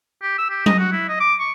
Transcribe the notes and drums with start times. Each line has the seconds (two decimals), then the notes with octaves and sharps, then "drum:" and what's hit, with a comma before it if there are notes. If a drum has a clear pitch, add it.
0.22 G4
0.38 E6
0.50 G4
0.66 D#5, drum: tom F#3
0.79 F#4
0.92 E4
1.09 D#5
1.20 D6
1.40 C#6